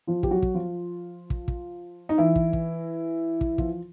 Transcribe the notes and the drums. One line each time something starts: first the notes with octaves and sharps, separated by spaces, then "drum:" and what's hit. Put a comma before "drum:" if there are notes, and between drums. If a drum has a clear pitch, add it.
F3 F4
G4, drum: kick
F#3 F#4
drum: kick
F3 F4
drum: kick
drum: kick
D#4
E3 E4
drum: kick
drum: kick
drum: kick
F3 F4, drum: kick